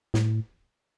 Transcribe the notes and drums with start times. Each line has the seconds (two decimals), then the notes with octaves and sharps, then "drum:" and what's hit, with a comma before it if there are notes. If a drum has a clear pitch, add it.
0.14 A2, drum: snare